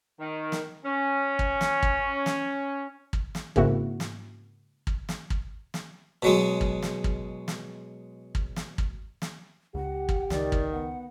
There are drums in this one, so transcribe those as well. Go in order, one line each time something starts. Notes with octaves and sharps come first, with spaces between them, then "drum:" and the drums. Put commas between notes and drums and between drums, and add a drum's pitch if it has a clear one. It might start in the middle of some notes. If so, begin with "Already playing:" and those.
D#3
drum: snare
C#4
drum: kick
drum: snare
drum: kick
drum: snare
drum: kick
drum: snare
G#2 C#3 A#3 C4 E4 F#4, drum: kick
drum: snare
drum: kick
drum: snare
drum: kick
drum: snare
B2 F#3 G#3
drum: kick
drum: snare
drum: kick
drum: snare
drum: kick
drum: snare
drum: kick
drum: snare
C#2 G4 F#5
drum: kick
C#2 D#3 D5, drum: snare
drum: kick
B3 F#5